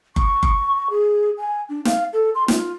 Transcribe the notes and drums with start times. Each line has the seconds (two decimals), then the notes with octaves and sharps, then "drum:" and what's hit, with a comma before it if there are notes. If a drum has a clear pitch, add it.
0.16 C#6, drum: kick F#1
0.43 drum: kick F#1
0.90 G#4
1.38 G#5
1.69 D4
1.85 F5, drum: snare
2.13 A4
2.35 C6
2.48 F4, drum: snare